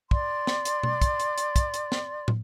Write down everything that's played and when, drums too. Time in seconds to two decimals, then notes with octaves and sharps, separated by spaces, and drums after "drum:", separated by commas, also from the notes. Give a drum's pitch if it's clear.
0.11 D5 C6, drum: kick
0.47 drum: snare
0.65 drum: hi-hat
0.83 drum: tom B2
1.02 drum: kick, hi-hat
1.20 drum: hi-hat
1.38 drum: hi-hat
1.56 drum: kick, hi-hat
1.74 drum: hi-hat
1.92 drum: snare
2.28 drum: tom